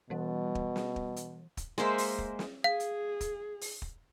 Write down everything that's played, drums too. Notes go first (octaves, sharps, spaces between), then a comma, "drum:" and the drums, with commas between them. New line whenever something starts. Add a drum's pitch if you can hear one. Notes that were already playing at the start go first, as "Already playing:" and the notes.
B2 E3 G3
drum: kick
drum: snare
drum: kick
drum: hi-hat
drum: kick, hi-hat
G#3 A#3 C5 E5
drum: open hi-hat
drum: kick
drum: snare
G#4 F5
drum: hi-hat
drum: kick, hi-hat
drum: open hi-hat
drum: kick